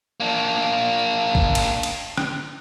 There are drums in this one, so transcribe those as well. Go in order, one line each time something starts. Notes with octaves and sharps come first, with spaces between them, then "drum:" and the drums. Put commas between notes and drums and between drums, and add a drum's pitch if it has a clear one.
A#3 D4
drum: kick
drum: cymbal
drum: cymbal
drum: rim click